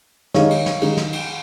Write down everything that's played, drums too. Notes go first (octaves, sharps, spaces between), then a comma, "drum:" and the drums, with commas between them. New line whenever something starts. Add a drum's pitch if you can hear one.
D#3 G#3 D#4 C#5 F5, drum: snare
drum: cymbal
drum: snare
D#3 G#3 D#4, drum: cymbal
drum: snare
drum: cymbal